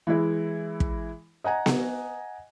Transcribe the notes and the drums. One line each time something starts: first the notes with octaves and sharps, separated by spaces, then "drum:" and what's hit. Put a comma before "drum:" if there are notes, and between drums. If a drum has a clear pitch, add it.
E3 G#3 E4
drum: kick
D#5 F#5 G#5 A#5
drum: snare B3